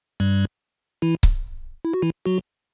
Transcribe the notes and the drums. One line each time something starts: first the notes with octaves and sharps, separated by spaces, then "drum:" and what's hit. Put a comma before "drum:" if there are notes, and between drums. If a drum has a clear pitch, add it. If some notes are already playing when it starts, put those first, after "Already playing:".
G2 G3
E3 E4
drum: kick C#1
E4
F#4
E3 E4
F#3 F#4